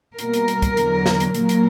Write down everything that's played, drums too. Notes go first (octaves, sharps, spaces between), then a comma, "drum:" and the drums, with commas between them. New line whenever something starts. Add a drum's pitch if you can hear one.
B2 G3 A#3 A#4, drum: hi-hat
drum: hi-hat
drum: hi-hat
drum: kick, hi-hat
E2 D3 F#3, drum: hi-hat
drum: snare
drum: hi-hat
A#2 F#3 A#3 A#4, drum: hi-hat
drum: hi-hat